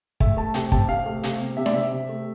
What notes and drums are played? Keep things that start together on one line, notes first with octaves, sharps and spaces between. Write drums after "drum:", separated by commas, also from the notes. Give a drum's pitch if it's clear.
A3 E5, drum: kick
A3 A5
C3 G5, drum: hi-hat
C3 A5, drum: kick
C3 F5
A3
C3, drum: hi-hat
C3
C3 E5
D5, drum: snare D4
C3 E5
C3
A3